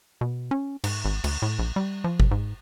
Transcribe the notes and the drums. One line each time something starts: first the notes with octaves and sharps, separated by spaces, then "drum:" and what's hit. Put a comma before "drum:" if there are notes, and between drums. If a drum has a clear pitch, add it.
B2
C#4
G#2, drum: cymbal
G#1
D2, drum: cymbal
A2
A#1
G3
F3
drum: kick G1
G#2